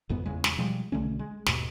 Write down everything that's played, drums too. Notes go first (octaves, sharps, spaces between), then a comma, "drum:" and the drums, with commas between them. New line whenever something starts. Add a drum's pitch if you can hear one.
F#1 F2 G#2 B3
E2 C#3 G#3
drum: snare
B2 F3 G3 G#3
B1 D3 A3 C#4
G#3
D#2 G#2 B2, drum: snare